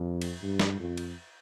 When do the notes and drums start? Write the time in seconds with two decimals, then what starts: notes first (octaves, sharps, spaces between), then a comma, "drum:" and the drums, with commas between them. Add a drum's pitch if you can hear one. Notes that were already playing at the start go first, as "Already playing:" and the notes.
Already playing: F2
0.22 drum: cymbal
0.41 G2
0.60 drum: snare
0.78 F2
0.97 drum: cymbal